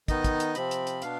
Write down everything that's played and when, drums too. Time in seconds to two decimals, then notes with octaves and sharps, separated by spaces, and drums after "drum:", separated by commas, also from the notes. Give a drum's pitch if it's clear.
0.08 D#3 B3 D#4 D#5, drum: kick, hi-hat
0.24 drum: kick, hi-hat
0.40 drum: hi-hat
0.55 C3 F3 C4 B5, drum: hi-hat
0.71 drum: hi-hat
0.87 drum: hi-hat
1.02 B2 B3 D4 F5, drum: hi-hat